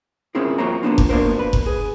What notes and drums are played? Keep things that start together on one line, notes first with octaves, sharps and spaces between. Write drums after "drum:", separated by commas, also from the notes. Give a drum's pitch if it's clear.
C4 C#4 E4 F4 G#4 A#4
F2 A#3 F4 F#4 C#5 A#5
A#3 B3 D4 F4
drum: kick F1
B2 A#3 D4 A#4 C5
B4
drum: kick F1
G#4